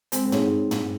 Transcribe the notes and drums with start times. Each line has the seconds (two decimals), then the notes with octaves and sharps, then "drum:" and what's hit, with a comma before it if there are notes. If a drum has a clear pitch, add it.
0.12 G#3 C4, drum: hi-hat
0.25 C4
0.32 D#4 G#4 C#5, drum: tom
0.71 drum: tom